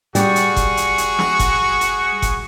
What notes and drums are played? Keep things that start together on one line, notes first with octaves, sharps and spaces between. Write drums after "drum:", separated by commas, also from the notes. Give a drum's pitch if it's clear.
G3 F#4 G#4 C#6, drum: hi-hat
drum: hi-hat
drum: kick F#1, hi-hat
drum: hi-hat
drum: hi-hat
drum: snare
drum: kick F#1, hi-hat
drum: hi-hat
drum: kick F#1, hi-hat